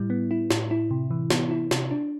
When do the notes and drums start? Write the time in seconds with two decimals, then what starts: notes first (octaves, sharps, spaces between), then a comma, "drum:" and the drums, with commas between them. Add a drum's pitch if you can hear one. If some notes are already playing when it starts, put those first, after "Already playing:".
Already playing: A2 G3 E4
0.10 B3
0.31 E4
0.50 A2, drum: snare
0.71 E4
0.91 C3
1.11 E3
1.30 B3, drum: snare
1.51 E4
1.71 C3, drum: snare
1.91 D4